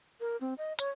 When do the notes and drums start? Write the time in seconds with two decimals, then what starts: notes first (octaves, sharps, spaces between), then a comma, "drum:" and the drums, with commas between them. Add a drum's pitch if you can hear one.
0.20 A#4
0.41 C4
0.58 D#5
0.79 C#5, drum: hi-hat